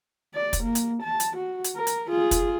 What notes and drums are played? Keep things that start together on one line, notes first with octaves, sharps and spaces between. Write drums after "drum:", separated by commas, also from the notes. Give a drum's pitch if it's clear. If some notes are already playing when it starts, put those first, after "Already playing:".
D5
drum: kick, hi-hat
A#3
drum: hi-hat
A5
drum: hi-hat
F#4
drum: hi-hat
A#4
drum: hi-hat
F4 G#4
drum: kick, hi-hat